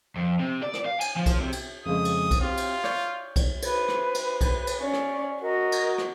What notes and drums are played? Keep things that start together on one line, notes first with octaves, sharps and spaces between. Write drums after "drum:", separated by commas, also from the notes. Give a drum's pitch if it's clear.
F2
C3
D5
drum: rim click
F5
G#5, drum: cymbal
F3
drum: kick B1, cymbal
C3
drum: cymbal
F2 C#3 G#3 D#6
drum: cymbal
drum: kick B1, cymbal
C4 F4 G4
drum: cymbal
C#5 D5 G6, drum: rim click
drum: kick B1, cymbal
B4 C5, drum: cymbal
drum: rim click
drum: cymbal
drum: kick B1, cymbal
drum: cymbal
C#4 D5
drum: rim click
F#4 A#4 D#5
drum: cymbal
drum: rim click